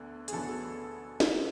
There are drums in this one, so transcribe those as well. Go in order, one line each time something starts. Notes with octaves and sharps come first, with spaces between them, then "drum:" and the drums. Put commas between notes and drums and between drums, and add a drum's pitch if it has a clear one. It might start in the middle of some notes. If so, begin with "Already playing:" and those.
Already playing: D2 D3 B3
G#4, drum: hi-hat
D2 D3 F#3 B3 A4
drum: snare